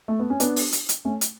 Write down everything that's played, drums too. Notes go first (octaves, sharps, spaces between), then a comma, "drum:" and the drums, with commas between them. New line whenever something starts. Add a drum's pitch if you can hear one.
A3
B3
C#4
B3 D4, drum: hi-hat
drum: open hi-hat
drum: hi-hat
drum: hi-hat
A3 C#4
drum: hi-hat